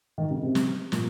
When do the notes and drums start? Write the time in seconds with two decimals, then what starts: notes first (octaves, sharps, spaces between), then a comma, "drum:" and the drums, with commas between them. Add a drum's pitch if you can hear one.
0.18 D#3
0.31 C#3
0.43 C3
0.55 drum: snare
0.92 A#2, drum: snare